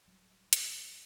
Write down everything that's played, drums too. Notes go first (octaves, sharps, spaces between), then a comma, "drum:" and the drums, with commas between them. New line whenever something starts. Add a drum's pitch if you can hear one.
D1 F#3 G3
drum: hi-hat